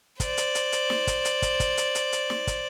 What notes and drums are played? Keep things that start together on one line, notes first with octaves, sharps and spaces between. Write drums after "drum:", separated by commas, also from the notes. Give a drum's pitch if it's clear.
C5 D5, drum: kick, hi-hat
drum: hi-hat
drum: hi-hat
drum: hi-hat
drum: snare
drum: kick, hi-hat
drum: hi-hat
drum: kick, hi-hat
drum: kick, hi-hat
drum: hi-hat
drum: hi-hat
drum: hi-hat
drum: snare
drum: kick, hi-hat